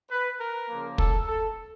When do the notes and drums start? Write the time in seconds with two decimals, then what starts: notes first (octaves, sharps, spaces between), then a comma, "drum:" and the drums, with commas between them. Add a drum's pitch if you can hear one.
0.11 B4
0.40 A#4
0.69 C#3 F3 A#3
0.98 A4, drum: kick
1.27 A4